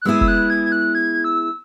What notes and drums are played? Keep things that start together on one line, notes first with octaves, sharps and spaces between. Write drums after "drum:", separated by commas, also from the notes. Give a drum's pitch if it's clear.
F#6
G#3 B3 E4 G#4 E6
E6, drum: kick
F#6
G#6
G#6
F#6
G#6
E6